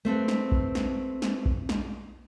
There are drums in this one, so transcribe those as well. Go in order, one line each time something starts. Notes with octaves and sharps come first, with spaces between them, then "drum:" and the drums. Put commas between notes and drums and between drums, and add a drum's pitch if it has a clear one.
A3 C4 A4 B4
drum: snare
drum: kick A#1
drum: snare
drum: snare
drum: kick A#1
drum: snare